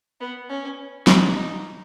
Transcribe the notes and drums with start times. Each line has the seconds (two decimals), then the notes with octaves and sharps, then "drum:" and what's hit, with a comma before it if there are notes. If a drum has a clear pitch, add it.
0.20 B3
0.49 C#4
1.07 D#4, drum: snare
1.36 D#4